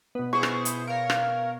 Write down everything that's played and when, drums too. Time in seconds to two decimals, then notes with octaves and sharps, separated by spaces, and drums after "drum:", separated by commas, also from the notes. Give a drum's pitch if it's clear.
0.15 B2 B3
0.33 E4 G#4 C5 C#6
0.43 drum: rim click
0.65 drum: hi-hat
0.87 A#4 C#5 F5
1.10 drum: rim click